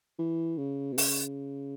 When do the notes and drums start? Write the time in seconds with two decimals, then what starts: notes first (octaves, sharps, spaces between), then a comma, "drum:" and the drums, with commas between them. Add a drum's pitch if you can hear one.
0.19 E3
0.58 C#3
0.93 B2
0.98 C#3, drum: open hi-hat